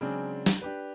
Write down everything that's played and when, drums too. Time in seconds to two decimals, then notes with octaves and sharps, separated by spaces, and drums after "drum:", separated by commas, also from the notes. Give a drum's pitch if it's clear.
0.01 C#3 F#3 G#3 C4 D4
0.46 drum: snare
0.62 D4 G4 B4